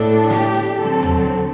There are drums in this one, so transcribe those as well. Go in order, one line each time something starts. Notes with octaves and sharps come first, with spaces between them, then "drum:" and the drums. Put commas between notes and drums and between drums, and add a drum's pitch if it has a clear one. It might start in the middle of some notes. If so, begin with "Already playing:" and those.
Already playing: A2 A3 D4 A4
G4, drum: snare
drum: hi-hat
D3 F#3 C4 A4
drum: tom D#2